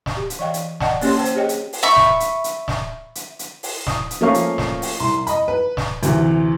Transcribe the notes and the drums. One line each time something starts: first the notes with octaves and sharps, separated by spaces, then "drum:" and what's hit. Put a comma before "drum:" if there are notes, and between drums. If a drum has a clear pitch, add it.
drum: snare
G4
drum: hi-hat
E3 D5 D#5 F5 G5
drum: hi-hat
D5 D#5 F#5 G5 A5, drum: snare
A#3 C#4 G4 C#5 C6, drum: open hi-hat
C5 G5 A5
drum: hi-hat
G4 G#4 C#5 D#5 G5
drum: hi-hat
drum: open hi-hat
E5 B5 C#6
drum: snare
drum: hi-hat
drum: hi-hat
drum: snare
drum: hi-hat
drum: hi-hat
drum: open hi-hat
D#6, drum: snare
drum: hi-hat
F3 A3 A#3 C#4 F5 C#6
drum: hi-hat
drum: snare
drum: open hi-hat
C2 C6
D#5 B5, drum: hi-hat
B4
drum: snare
D2 C3 E3, drum: hi-hat